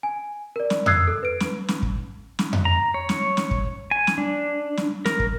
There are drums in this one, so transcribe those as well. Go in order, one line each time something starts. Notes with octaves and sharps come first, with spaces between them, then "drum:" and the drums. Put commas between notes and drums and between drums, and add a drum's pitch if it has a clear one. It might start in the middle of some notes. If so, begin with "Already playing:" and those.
G#5
A#4 D5
drum: snare
D#6 E6 F#6 G#6 C7, drum: tom F2
A4
B4 D7
drum: snare
drum: snare
drum: kick
drum: snare
drum: tom F2
A#5
C#5
drum: snare
drum: snare
drum: kick
G#5
drum: snare
D4
drum: snare
A#4, drum: snare
drum: kick